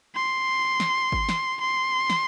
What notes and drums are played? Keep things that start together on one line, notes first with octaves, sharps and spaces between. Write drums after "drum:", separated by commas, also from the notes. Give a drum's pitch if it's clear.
C6
drum: snare
drum: kick G1
drum: snare
C6
drum: snare